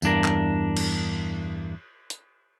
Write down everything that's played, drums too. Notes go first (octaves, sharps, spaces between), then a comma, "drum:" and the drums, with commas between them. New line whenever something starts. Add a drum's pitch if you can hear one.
E2 G2 D4 A#4, drum: tambourine
drum: clap
drum: cymbal
drum: hi-hat